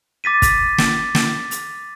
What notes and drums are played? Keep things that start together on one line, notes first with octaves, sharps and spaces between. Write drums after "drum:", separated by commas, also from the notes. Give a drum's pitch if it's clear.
D6 A6 B6 D#7
drum: kick, hi-hat
drum: snare
drum: snare
drum: hi-hat